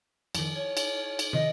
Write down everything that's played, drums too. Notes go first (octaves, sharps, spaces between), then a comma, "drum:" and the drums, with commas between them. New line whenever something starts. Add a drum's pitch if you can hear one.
F2 D#3, drum: cymbal
C#5 G#6
drum: cymbal
drum: cymbal
C3 D#3 F3 D#5